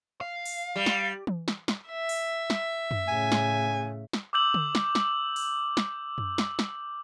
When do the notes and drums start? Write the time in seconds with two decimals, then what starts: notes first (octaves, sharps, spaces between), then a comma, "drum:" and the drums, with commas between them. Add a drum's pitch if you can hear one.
0.21 F5
0.45 drum: open hi-hat
0.76 G3
0.86 drum: snare
1.27 drum: tom E3
1.48 drum: snare
1.68 drum: snare
1.89 E5
2.09 drum: open hi-hat
2.50 drum: snare
2.91 drum: tom F#2
3.08 A2 C#3 G#5
3.32 drum: snare
4.13 drum: snare
4.33 D6 E6 G6 F#7
4.54 drum: tom D3
4.75 drum: snare
4.95 drum: snare
5.36 drum: open hi-hat
5.77 drum: snare
6.18 drum: tom F#2
6.38 drum: snare
6.59 drum: snare